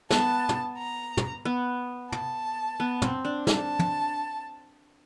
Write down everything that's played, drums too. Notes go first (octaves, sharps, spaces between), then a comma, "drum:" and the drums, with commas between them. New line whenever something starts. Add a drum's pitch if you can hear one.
B3 A5, drum: snare
drum: tom
A#5
drum: tom
B3
A5, drum: tom
B3
C4, drum: tom
D4
A5, drum: snare
drum: tom